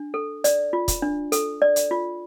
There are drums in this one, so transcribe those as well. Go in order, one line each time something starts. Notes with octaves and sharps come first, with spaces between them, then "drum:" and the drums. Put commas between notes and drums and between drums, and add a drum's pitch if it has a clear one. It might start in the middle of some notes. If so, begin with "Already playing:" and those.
Already playing: D4
A4
D5, drum: hi-hat
F4
drum: kick, hi-hat
D4
A4, drum: hi-hat
D5
drum: hi-hat
F4